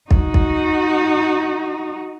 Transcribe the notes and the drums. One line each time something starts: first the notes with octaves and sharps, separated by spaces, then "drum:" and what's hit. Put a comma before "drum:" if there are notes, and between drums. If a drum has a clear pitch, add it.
D#4 F#4, drum: kick
drum: kick